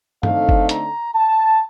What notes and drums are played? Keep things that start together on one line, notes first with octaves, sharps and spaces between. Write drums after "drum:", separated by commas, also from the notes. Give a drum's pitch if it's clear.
D3 A3 C4 D#4 F5, drum: tom G2
drum: kick F#1
A#5, drum: hi-hat
A5